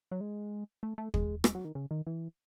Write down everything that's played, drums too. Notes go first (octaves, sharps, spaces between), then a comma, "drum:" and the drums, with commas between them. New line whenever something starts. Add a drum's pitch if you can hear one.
F#3
G#3
A3
A3
G#3, drum: kick
G#3, drum: rim click
F#3
D#3
C#3
D#3
E3